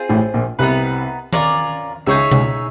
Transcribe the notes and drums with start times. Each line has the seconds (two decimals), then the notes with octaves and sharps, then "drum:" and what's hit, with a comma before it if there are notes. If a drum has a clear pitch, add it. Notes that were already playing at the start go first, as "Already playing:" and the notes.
Already playing: C4 F4 G#4 C5
0.09 A1 A2
0.34 A#1 A#2
0.59 C2 C3 B3 D#4 F#4 B4
1.33 C#4 F4 A#4 D5, drum: tom D#3
2.07 C#2 C#3 D#4 G#4 C#5 E5
2.31 C#2 C#3, drum: tom B2